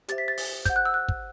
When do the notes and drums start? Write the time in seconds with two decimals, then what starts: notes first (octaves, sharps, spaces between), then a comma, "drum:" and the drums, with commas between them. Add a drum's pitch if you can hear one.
0.08 G4 C5 E5 A6, drum: hi-hat
0.18 B6
0.28 A6
0.37 drum: open hi-hat
0.65 C5 F#5 G6, drum: kick, hi-hat
0.76 F#6
0.85 E6
0.94 F#6
1.09 drum: kick